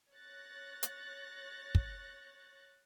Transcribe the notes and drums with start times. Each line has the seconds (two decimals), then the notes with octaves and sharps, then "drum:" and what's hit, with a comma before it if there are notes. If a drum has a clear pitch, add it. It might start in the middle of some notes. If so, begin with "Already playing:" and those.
0.13 C#5 F#6 A6 A#6
0.83 drum: hi-hat
1.75 drum: kick